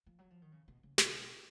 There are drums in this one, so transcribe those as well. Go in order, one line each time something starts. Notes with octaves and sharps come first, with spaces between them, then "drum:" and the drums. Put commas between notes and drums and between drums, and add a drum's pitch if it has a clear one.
F3
F#3
F3
D#3
C#3
B2
C#3
B2, drum: snare